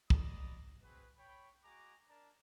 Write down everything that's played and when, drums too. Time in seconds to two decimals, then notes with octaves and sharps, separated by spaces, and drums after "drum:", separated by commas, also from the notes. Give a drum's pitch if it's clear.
0.10 F#4 D5 D#5 A#5 B5 D#6, drum: kick
0.82 C4 F#4 G#4 B4
1.18 C#5 G5 B5
1.64 G#3 F#4 G#5 A#5 D6
2.08 D4 A#4 D5 A5 A#5